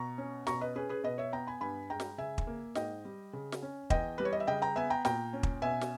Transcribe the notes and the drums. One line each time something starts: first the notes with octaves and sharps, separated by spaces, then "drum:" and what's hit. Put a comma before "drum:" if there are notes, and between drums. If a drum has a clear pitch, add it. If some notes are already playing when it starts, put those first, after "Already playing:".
Already playing: B2 A#5 C#6
C#4
B2 A#5 C#6, drum: snare
B4 D#5
C#4 G#4 B4
G#4 B4
B2 B4 D#5
C#5 E5
B3 G5 A#5
G#5 B5
G2 G#5 B5
G#3 G5 A#5
drum: snare
C#3 E5 G#5
drum: kick
A#3
G#2 D#5 G5, drum: snare
G3
C#3
drum: snare
C#4
E2 D#5 G5, drum: kick
G3 B4
C#5
D#5
E5
C#3 D#5 G5
G5 A#5
B3 E5 G#5
G5 A#5
A#2 G5 A#5, drum: snare
C#4
drum: kick
B2 E5 G#5
drum: snare